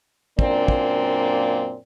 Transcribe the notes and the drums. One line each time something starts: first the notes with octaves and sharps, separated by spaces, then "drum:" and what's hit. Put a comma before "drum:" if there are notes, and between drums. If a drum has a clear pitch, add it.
F#2 A#2 A#3 C4 D4 D5, drum: kick
drum: kick